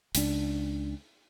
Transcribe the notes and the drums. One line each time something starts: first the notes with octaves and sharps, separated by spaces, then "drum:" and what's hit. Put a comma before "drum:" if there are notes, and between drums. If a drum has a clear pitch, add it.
C#2 D4, drum: hi-hat